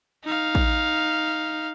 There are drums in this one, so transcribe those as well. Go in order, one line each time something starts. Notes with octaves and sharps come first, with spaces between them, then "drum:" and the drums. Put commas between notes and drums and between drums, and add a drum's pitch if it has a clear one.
D#4 F5
drum: kick